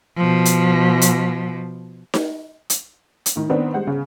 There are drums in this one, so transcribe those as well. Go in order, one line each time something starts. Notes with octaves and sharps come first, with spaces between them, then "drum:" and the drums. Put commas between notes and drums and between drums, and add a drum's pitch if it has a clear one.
B2 F3
drum: hi-hat
drum: hi-hat
drum: snare D#4
drum: hi-hat
drum: hi-hat
A2 D#3
D#3 B3 C4 D4
G3 G#3 C5 F#5
C#3